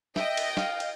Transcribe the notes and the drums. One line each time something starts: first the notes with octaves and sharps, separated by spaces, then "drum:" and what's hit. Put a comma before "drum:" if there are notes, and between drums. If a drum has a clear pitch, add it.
D#5 E5 G5, drum: snare
drum: cymbal
F5, drum: snare
drum: cymbal